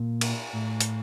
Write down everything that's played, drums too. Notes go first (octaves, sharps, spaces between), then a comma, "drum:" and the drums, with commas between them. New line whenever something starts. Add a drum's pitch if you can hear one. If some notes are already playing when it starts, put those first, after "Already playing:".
Already playing: A#2
drum: cymbal
A2
drum: hi-hat